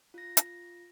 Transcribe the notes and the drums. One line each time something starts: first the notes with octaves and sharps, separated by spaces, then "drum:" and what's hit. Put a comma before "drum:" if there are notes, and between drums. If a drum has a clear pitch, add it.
F4 A#6
drum: hi-hat